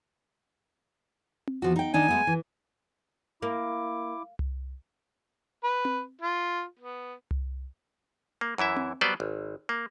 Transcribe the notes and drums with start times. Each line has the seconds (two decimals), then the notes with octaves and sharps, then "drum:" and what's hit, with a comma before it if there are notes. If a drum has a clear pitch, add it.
1.47 drum: tom C4
1.62 E2 F3 F#4
1.76 D#4 G5
1.94 D#3 D4 D#4 G#5
2.08 G#3 A3 B3
2.27 E3
3.42 A#3 E4 D6
4.39 drum: tom C2
5.64 B4
5.85 drum: tom C4
6.21 F4
6.80 B3
7.31 drum: tom C2
8.41 A#3
8.58 F#2 E3 E4 E5
8.77 drum: tom C4
9.01 F#3 G3 B3 B4 C5 D5
9.20 G#1
9.69 A#3